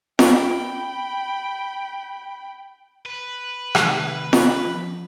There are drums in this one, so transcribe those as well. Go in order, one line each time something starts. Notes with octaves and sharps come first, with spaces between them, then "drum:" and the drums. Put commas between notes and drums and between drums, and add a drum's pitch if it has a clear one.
G5 B5, drum: snare
B4
C3 D#3 A3, drum: rim click
drum: snare
F3